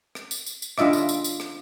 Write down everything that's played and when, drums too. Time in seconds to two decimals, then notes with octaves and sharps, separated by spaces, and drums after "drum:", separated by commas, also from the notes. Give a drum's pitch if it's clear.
0.15 drum: rim click
0.31 drum: tambourine
0.46 drum: tambourine
0.62 drum: tambourine
0.78 D4 F4 D#5 E5 D6, drum: rim click
0.93 drum: tambourine
1.09 drum: tambourine
1.24 drum: tambourine
1.40 drum: rim click